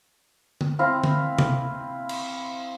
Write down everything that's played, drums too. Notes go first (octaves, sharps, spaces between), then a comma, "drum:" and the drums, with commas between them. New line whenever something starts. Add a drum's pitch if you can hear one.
drum: tom D3
C4 E4 F5 A#5
drum: tom D3
drum: tom C3
drum: cymbal